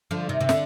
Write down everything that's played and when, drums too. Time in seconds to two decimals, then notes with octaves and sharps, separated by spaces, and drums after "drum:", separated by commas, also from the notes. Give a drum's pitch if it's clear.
0.11 D3 F3
0.29 C3 D#3
0.41 C3
0.49 D3, drum: snare